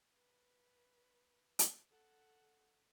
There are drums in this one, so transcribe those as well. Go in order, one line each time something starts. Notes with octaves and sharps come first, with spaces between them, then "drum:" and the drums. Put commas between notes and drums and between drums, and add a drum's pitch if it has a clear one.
B4
drum: hi-hat
A4 F#5